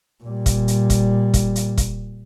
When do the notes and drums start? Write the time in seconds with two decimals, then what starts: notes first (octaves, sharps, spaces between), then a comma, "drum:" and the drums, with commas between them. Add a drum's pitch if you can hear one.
0.24 A#2 G3
0.46 drum: kick, hi-hat
0.68 drum: hi-hat
0.90 drum: kick, hi-hat
1.34 drum: kick, hi-hat
1.56 drum: hi-hat
1.77 drum: kick, hi-hat